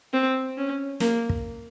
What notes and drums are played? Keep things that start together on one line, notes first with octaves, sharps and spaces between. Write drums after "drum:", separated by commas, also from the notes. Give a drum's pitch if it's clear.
C4
C#4
A#3, drum: snare
drum: kick